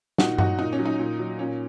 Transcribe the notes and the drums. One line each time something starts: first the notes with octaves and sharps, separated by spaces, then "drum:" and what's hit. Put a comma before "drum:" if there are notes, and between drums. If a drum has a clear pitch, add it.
A#2 D#4 F#4, drum: snare
F#3 D#4 F#4, drum: tom G2
A#2 D#4
C#4
F#3
D#4
A#2
F#3
A#2 C#4